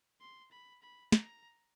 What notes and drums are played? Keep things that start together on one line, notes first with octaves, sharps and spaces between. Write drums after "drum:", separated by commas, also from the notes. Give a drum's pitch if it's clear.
C6
B5
B5
A#5, drum: snare